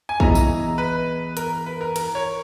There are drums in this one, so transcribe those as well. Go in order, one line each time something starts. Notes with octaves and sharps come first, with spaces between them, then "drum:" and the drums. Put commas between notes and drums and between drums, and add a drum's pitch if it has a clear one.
G#5
E3 B3 E4 G#4 D#5 A#5, drum: kick
drum: tambourine
B4
A#4, drum: hi-hat
B4
A#4
A#4, drum: cymbal
C#5